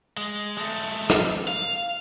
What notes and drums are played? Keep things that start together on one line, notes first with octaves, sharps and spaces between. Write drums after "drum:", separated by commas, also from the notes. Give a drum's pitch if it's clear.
G#3
G#3 A3
drum: rim click
F5